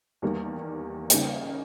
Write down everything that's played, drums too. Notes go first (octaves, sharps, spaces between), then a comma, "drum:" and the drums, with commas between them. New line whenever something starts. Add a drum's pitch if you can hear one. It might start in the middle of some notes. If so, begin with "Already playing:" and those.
E2 D#3 G3 A#3
C#3 G3 A#3 D#4, drum: hi-hat